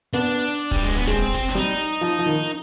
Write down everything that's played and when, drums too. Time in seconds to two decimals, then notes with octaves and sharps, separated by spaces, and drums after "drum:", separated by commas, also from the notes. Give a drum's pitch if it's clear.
0.14 B3 D4
0.71 G3, drum: kick D1
0.83 G#3
0.96 B3
1.07 G#3 C4, drum: snare F#1
1.34 drum: snare F#1
1.49 D4, drum: open hi-hat
1.55 G3 D#4
2.01 F3
2.19 F3
2.26 D#3